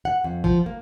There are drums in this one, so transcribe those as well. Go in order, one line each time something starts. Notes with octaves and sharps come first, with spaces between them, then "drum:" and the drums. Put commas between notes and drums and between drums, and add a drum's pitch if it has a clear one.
F#5
F2
F3, drum: kick G#1
A#3